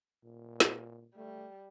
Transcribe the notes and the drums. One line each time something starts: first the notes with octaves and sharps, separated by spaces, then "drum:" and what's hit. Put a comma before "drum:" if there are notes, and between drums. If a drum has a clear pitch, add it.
A#2
drum: snare
G3 A3